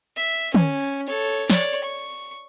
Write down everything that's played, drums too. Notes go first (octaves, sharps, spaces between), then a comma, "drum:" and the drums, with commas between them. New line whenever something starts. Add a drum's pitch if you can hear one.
E5
C#4, drum: tom
A4 C#5
C#5 D5, drum: snare
C#6